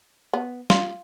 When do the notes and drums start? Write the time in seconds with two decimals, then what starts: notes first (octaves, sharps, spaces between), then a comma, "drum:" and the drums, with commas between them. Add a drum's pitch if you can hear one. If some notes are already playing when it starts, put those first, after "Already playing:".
0.33 B3
0.70 F4, drum: snare